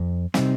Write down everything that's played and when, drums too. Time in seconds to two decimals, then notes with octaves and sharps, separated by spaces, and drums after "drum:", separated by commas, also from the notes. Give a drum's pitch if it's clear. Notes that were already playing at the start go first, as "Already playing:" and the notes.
Already playing: F2
0.34 C3 G3 C4 D#4, drum: snare